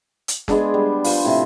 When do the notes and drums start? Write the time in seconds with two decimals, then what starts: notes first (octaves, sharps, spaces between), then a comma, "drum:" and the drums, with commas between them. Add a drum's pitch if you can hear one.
0.28 drum: hi-hat
0.48 G#3 B3 D4 G#4, drum: snare
0.74 G3
1.04 F3 B4 C5, drum: open hi-hat
1.25 A2 C3